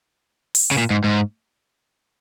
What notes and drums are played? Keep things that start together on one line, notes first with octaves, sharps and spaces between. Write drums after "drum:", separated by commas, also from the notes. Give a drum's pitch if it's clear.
drum: open hi-hat
C#3
A#2
G#2
G#2